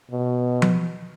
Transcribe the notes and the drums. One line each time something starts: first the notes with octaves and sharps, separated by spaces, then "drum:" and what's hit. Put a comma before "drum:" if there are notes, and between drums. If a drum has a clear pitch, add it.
B2
drum: tom F3